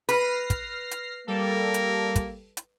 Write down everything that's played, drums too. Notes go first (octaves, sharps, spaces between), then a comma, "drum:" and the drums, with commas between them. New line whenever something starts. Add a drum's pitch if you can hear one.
B4 F6 A#6 C7, drum: hi-hat
drum: kick, hi-hat
drum: hi-hat
G3 A#3 A4
drum: hi-hat
drum: kick, hi-hat
drum: hi-hat